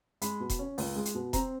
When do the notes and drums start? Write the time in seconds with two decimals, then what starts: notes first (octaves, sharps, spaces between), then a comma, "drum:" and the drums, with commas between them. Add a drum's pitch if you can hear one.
0.22 G#3 B5, drum: hi-hat
0.40 B2
0.50 drum: kick E1, hi-hat
0.59 C#4
0.78 C#2, drum: open hi-hat
0.96 G#3
1.05 drum: hi-hat
1.15 B2
1.33 C4 A#5, drum: kick E1, hi-hat